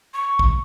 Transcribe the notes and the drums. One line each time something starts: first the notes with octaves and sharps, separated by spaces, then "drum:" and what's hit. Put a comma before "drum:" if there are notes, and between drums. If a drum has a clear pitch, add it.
C#6
drum: kick A#1